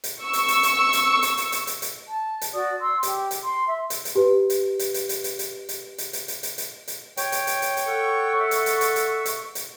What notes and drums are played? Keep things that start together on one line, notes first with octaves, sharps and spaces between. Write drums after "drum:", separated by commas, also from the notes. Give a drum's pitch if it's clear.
drum: hi-hat
C#6 E6
drum: hi-hat
drum: hi-hat
drum: hi-hat
drum: hi-hat
drum: hi-hat
drum: hi-hat
drum: hi-hat
drum: hi-hat
drum: hi-hat
A5
drum: hi-hat
F#4 D5 D#6
C6 E6
G4, drum: hi-hat
drum: hi-hat
C6
E5
drum: hi-hat
drum: hi-hat
G4 B4
drum: hi-hat
drum: hi-hat
drum: hi-hat
drum: hi-hat
drum: hi-hat
drum: hi-hat
drum: hi-hat
drum: hi-hat
drum: hi-hat
drum: hi-hat
drum: hi-hat
drum: hi-hat
drum: hi-hat
C#5 G5, drum: hi-hat
drum: hi-hat
drum: hi-hat
drum: hi-hat
drum: hi-hat
A4 F#5 C#6
E5
drum: hi-hat
drum: hi-hat
drum: hi-hat
drum: hi-hat
drum: hi-hat
drum: hi-hat